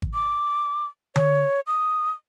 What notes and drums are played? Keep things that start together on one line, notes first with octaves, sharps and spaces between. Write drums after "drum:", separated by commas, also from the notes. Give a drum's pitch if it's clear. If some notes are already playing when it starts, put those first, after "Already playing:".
drum: kick G#1
D6
C#5, drum: tom D3
D#6